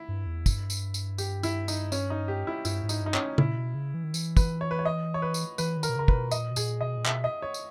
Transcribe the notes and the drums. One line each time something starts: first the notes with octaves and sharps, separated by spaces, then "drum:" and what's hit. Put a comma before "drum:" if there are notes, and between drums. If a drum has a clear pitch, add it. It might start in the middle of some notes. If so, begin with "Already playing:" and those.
Already playing: E4
G2
E2
G2, drum: kick, tambourine
drum: tambourine
drum: tambourine
G4, drum: tambourine
E4, drum: tambourine
D#4, drum: tambourine
C#4, drum: tambourine
D#4
G4
E4
G2 E4, drum: tambourine
G#2
D#4, drum: tambourine
G2 D#4
C#4, drum: clap
A#2 E4, drum: tom C#3
B2
C#3
E3
D#3
E3, drum: tambourine
B4, drum: kick, tambourine
C#5
B4
C#5
D#5
C#5
B4
drum: tambourine
E3 B4, drum: tambourine
D#3
A#4, drum: tambourine
B2
C#3 A#4
B4, drum: kick
B2
A#2 D#5, drum: tambourine
B2
A#2 G#4, drum: tambourine
B2 D#5
A#2
B2 E5, drum: clap
D#5
C#5
drum: tambourine